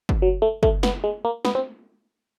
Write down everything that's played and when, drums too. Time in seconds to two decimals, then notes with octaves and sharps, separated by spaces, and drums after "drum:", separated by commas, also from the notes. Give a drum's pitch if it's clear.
0.09 drum: kick
0.22 F#3
0.42 A3
0.63 A3, drum: kick
0.83 B3, drum: snare
1.04 G#3
1.25 A#3
1.45 B3, drum: snare
1.55 C4